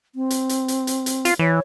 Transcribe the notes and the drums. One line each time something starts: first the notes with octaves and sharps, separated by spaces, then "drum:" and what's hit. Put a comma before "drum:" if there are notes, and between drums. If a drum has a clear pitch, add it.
C4
drum: hi-hat
drum: hi-hat
drum: hi-hat
drum: hi-hat
drum: hi-hat
F4, drum: hi-hat
E3 C#5